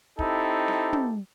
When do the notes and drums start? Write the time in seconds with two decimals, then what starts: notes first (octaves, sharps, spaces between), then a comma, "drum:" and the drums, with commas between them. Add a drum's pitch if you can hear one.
0.19 C4 D#4 E4 G4 A4, drum: kick
0.68 drum: snare
0.93 drum: tom